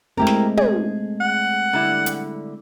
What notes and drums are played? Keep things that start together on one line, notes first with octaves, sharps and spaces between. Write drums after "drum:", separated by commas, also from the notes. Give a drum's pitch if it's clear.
G#3 A3 C4 E4 G4 A#4
drum: snare
G#4, drum: tom
F#5
D3 G3 E4
drum: hi-hat